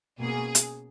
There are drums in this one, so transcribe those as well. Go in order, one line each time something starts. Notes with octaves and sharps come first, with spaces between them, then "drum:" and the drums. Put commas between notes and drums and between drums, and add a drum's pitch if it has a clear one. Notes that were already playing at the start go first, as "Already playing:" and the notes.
B2 A#3 C#4 G#4
drum: hi-hat